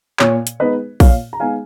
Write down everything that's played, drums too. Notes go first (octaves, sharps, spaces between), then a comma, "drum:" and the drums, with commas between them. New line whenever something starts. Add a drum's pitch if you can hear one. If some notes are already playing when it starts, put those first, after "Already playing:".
A#2 C#5, drum: clap
drum: hi-hat
G#3 B3 D#4 B4 D#5
A#2 C#5 F5, drum: kick A#1, open hi-hat
A#5
G#3 B3 D#4 F5 G#5